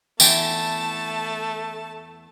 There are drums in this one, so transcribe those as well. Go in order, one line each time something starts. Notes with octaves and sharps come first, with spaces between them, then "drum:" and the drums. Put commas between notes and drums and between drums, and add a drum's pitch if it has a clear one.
E2 A3 G5 A5, drum: tambourine